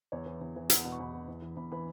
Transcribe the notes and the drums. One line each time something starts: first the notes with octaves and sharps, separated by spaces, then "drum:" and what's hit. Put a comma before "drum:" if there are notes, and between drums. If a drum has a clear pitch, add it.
E2 C#5
E3
E2
E3
E2 F#5, drum: hi-hat
B2 F#5
C#6
E2 B5
B2
E2
E3
E2 B5
E3 B5